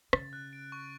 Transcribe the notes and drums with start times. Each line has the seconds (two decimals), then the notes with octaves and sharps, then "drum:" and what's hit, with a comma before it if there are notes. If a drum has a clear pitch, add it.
0.13 C#3 A6, drum: rim click
0.33 F#6
0.53 D7
0.72 C#6